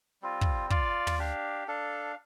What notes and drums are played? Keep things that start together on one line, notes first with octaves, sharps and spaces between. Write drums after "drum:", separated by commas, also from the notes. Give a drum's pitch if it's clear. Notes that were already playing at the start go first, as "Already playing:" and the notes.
G3 C4 F4
drum: kick
F4 D5 F5, drum: kick
drum: tom
D4 G4 F5
D4 A4 F5